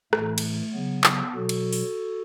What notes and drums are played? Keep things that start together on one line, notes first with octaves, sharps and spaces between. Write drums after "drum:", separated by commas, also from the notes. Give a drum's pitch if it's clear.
A2 E3 A3, drum: rim click
drum: cymbal
C#3 F#3 B3
B3, drum: clap
B2 F#3 F#4 A4
drum: cymbal
drum: open hi-hat